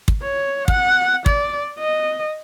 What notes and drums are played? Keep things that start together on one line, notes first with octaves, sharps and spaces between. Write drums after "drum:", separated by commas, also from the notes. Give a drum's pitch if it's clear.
drum: kick
C#5
F#5, drum: kick
D5, drum: kick
D#5